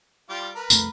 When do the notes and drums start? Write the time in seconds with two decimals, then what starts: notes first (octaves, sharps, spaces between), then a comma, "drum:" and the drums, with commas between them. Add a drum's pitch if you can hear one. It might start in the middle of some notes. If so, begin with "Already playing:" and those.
0.30 G3 F4 D6
0.55 A#4 B4
0.70 C2 F2 A3, drum: tambourine